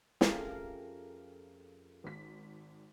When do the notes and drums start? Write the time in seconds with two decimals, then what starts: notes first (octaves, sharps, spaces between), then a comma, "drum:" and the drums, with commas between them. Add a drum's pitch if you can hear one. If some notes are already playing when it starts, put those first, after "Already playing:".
0.21 F2 A3 C#4 F4 G4 G#4 A#4 F5, drum: snare
2.04 G#1 B6